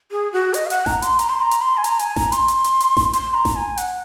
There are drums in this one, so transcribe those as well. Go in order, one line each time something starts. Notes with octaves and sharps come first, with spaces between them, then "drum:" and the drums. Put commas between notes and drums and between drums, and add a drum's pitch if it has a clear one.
G#4
F#4
D#5, drum: hi-hat
F5
F#5, drum: hi-hat
A#5, drum: snare A1
C6, drum: hi-hat
A#5, drum: hi-hat
C6
A#5
drum: hi-hat
C6
G#5
A#5, drum: hi-hat
G#5, drum: hi-hat
A#5, drum: snare A1
C6, drum: hi-hat
drum: hi-hat
drum: hi-hat
drum: hi-hat
drum: snare A1
C6, drum: hi-hat
A#5
drum: snare A1
G#5
F#5, drum: hi-hat